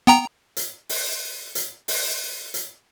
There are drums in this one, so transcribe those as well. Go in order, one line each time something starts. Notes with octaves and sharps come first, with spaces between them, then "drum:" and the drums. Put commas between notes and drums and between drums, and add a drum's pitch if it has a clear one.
B3 G5 A#5
drum: hi-hat
drum: open hi-hat
drum: hi-hat
drum: open hi-hat
drum: hi-hat